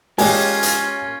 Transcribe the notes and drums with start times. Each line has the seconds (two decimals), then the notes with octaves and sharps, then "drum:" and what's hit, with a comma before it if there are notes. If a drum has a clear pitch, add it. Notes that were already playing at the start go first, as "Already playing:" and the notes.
0.18 G#3 A#3 C#4 F4 G4 C#5 G#5, drum: open hi-hat
0.63 drum: hi-hat